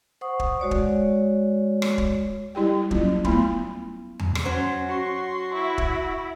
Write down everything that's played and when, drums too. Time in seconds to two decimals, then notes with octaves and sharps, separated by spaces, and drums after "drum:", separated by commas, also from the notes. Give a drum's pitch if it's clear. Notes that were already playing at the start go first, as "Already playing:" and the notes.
0.21 C5 F#5 C#6 D#6
0.40 drum: kick
0.60 G#3 F#4 C#5 D5
0.71 drum: kick
1.82 drum: rim click
1.98 drum: kick
2.55 G3 E4 G4 G5
2.91 F#3 A#3 C#4 E4 F4, drum: kick
3.25 A3 B3 E4 B5 C6, drum: kick
4.20 drum: tom E2
4.35 drum: rim click
4.45 F#3 C#4 C5
4.89 F#4 C6 C#6
5.54 E4
5.78 drum: kick